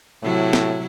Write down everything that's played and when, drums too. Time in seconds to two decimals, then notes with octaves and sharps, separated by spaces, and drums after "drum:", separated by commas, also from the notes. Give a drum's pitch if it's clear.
0.23 A2 C3 F#3 E4
0.53 drum: snare